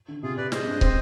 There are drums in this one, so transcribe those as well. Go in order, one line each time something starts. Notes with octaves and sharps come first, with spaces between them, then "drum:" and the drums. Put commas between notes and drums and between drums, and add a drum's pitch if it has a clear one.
D3
C3 F4 G#4
C3 B4 D5
G#3 C5 D#5, drum: snare
G2
C4, drum: kick